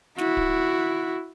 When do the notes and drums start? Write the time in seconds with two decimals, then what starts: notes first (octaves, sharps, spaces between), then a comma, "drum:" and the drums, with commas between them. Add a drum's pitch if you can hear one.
0.18 E4 F#4, drum: snare
0.37 drum: kick D1